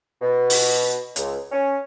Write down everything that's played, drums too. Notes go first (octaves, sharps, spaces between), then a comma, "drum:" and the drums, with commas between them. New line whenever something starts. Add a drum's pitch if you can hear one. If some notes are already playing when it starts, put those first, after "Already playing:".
B2
drum: open hi-hat
C#2, drum: hi-hat
C#4